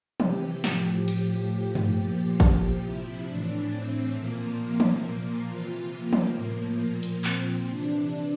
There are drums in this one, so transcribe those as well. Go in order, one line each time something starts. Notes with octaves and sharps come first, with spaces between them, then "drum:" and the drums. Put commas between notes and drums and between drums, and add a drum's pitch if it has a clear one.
C3 E3 G4, drum: tom E3
A2 F3 G4, drum: snare
A2 F3 G4, drum: cymbal
A2 F3
drum: tom G2
A#2 F3
A#2 F3 G4, drum: kick
C3 F3 E4
A2 E3 D4
A2 E3 C4
A#2 F3 A#3
C3 F3
drum: tom E3
A#2 F3
C3 E3 F4
C3 F3 A#3
drum: tom E3
A2 F3 A#3
A#2 F3 A#3
drum: hi-hat
A#2 F3 C4, drum: clap
C3 E3 D4